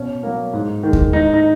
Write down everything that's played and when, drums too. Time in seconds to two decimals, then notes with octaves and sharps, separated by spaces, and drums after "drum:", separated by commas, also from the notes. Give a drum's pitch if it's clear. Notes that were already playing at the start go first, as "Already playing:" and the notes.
Already playing: B2 C#4
0.23 F#3 A#3
0.53 G#2
0.83 D#3 G#3
0.93 drum: kick D#2
1.13 G#2 D#4
1.33 D#4